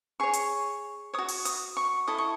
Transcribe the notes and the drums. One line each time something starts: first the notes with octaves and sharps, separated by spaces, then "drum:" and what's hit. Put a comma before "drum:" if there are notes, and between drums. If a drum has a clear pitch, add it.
G#4 C#5 C#6
drum: hi-hat
F#4 C#5 D#6
drum: open hi-hat
D#6, drum: hi-hat
C#6
E4 A4 D#5 D#6
C#6